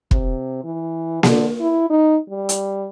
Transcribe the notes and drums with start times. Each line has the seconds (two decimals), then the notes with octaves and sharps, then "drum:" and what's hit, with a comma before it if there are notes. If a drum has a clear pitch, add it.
0.11 C3, drum: kick
0.64 E3
1.23 D3, drum: snare A#3
1.60 E4
1.90 D#4
2.30 G3
2.49 drum: hi-hat